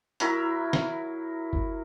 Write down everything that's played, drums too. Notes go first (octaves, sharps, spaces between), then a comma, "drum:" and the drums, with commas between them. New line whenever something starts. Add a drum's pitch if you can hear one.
F#3 E4 A#4 B5, drum: hi-hat
drum: snare
drum: kick F#1